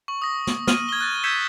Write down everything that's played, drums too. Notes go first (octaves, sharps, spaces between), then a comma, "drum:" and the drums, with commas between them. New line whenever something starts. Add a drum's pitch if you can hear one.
C#6 F#7
D#6 A#6
drum: snare
F6 D#7 F#7, drum: snare
G#6 G7
F#6 A6
E6 G6 G#6 B6 C#7 E7